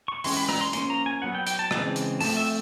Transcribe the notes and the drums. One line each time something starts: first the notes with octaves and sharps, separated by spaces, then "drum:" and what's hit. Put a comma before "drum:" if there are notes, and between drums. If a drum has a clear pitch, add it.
C#6
E3 G#3 C#4 C6, drum: open hi-hat
B5
A#5, drum: rim click
C6
F3 A#3 C#4 C6, drum: hi-hat
A#5
G#5
F#3 B3 F#5
G5
G5, drum: hi-hat
A5
C#3 E3 G#3 C4, drum: rim click
drum: hi-hat
F3 A3 C4 A5, drum: open hi-hat
E5